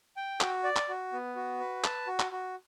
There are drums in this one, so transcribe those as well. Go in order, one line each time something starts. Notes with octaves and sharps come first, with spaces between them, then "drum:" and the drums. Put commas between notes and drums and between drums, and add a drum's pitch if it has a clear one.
G5
F#4, drum: clap
D5
drum: clap
F#4
B3
F#4
B4
A5, drum: clap
F#4
drum: clap
F#4